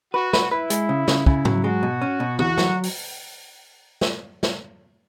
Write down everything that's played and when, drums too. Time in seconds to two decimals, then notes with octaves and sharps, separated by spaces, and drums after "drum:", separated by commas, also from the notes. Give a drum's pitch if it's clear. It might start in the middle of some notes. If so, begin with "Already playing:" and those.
0.14 F#4 B4
0.33 B4, drum: snare
0.51 E4 B4
0.70 G#3, drum: hi-hat
0.89 C#3
1.08 C#3, drum: snare
1.26 C#3 E4, drum: kick
1.45 F#3, drum: tom G#2
1.64 G#3 F#4
1.83 B2
2.02 C#4
2.20 B2
2.39 E2 F#4, drum: tom D3
2.58 F#3, drum: snare
2.83 drum: open hi-hat
4.01 drum: snare
4.43 drum: snare